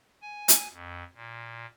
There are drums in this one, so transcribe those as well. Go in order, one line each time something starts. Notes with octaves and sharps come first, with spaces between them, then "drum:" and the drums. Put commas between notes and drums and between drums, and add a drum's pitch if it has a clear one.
G#5
drum: hi-hat
F2
A#2